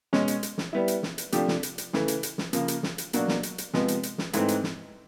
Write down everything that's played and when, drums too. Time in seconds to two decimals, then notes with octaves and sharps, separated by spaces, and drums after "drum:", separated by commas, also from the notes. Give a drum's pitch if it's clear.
0.13 B2 G#3 C#4, drum: snare
0.28 drum: hi-hat
0.43 drum: hi-hat
0.58 drum: snare
0.73 G3 B3 E4
0.88 drum: hi-hat
1.03 drum: snare
1.18 drum: hi-hat
1.32 C3 F3 A3 D4 G4, drum: hi-hat
1.48 drum: snare
1.63 drum: hi-hat
1.78 drum: hi-hat
1.93 C#3 E3 A3, drum: snare
2.08 drum: hi-hat
2.23 drum: hi-hat
2.38 drum: snare
2.53 C#3 F3 A#3, drum: hi-hat
2.68 drum: hi-hat
2.83 drum: snare
2.98 drum: hi-hat
3.13 B2 F#3 A#3 D4 F#4, drum: hi-hat
3.28 drum: snare
3.43 drum: hi-hat
3.58 drum: hi-hat
3.73 C3 F3 G#3 B3, drum: snare
3.88 drum: hi-hat
4.03 drum: hi-hat
4.18 drum: snare
4.33 G#2 E3 A3 C4 D#4, drum: hi-hat
4.48 drum: hi-hat
4.63 drum: snare